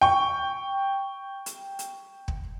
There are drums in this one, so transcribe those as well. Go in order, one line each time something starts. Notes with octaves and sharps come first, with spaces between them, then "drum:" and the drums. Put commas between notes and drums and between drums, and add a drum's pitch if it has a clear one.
G5 C#6
drum: hi-hat
drum: hi-hat
drum: kick